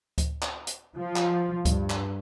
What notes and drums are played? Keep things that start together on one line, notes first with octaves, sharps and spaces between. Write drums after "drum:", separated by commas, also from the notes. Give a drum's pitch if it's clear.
drum: kick D2, hi-hat
drum: clap
drum: hi-hat
F3
drum: clap
G2, drum: kick D2, hi-hat
drum: clap